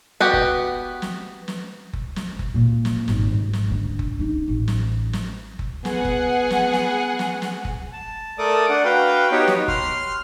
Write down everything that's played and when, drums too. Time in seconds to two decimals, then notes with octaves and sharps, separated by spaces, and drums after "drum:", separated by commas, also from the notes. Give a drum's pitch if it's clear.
0.20 B3 F#4 G4
0.33 drum: kick F#1
1.02 drum: snare
1.48 drum: snare
1.93 drum: kick F#1
2.16 drum: snare
2.39 drum: kick F#1
2.54 A#2
2.85 drum: snare
3.08 G#1, drum: snare
3.32 G#2
3.53 drum: snare
3.71 D3
3.99 drum: kick F#1
4.20 D#4
4.48 A1
4.68 drum: snare
5.13 drum: snare
5.59 drum: kick F#1
5.85 B3 G#4 F#5, drum: snare
6.05 drum: kick F#1
6.50 drum: snare
6.73 drum: snare
7.19 drum: snare
7.42 drum: snare
7.65 drum: kick F#1
7.93 A5
8.38 A3 A4 A#4 D5 D6 D#6
8.69 D4 F#5
8.85 F#4 B4 F5 G5
9.31 B3 D#4 F#4 G4 B4 C#5
9.48 drum: snare
9.68 C6 F6, drum: kick F#1